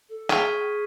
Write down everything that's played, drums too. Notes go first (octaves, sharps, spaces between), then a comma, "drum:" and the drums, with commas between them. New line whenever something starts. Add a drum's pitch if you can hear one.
A4
G#4 C#6 F6 G#6 B6 D#7, drum: clap